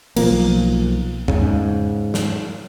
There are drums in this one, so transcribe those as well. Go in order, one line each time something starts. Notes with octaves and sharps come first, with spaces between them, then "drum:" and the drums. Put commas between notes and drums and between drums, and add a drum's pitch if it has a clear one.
B1 F3 A#3, drum: cymbal
G#2 C#3, drum: tom E2
drum: snare